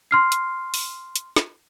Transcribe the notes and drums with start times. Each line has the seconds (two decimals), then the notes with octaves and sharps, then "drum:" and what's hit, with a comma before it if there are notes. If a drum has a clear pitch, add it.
0.11 C6 F6 C7
0.32 drum: hi-hat
0.74 drum: open hi-hat
1.16 drum: hi-hat
1.36 drum: snare